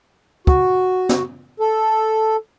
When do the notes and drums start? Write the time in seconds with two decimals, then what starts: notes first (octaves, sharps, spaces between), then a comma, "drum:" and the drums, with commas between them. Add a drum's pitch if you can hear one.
0.47 F#4, drum: kick
1.09 drum: snare
1.60 A4